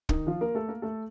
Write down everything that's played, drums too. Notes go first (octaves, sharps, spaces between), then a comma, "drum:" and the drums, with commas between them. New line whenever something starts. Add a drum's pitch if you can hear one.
D#3 D#4, drum: kick
F3 F4
A#3 A#4
A3 A4
A#3 A#4
A3 A4